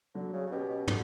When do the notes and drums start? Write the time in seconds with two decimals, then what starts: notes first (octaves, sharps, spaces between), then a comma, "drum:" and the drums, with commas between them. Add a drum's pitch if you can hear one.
0.14 D3 F#3
0.33 C#3
0.47 C#3
0.51 B2 C#4 G4
0.69 B2
0.87 D3 F#3, drum: tom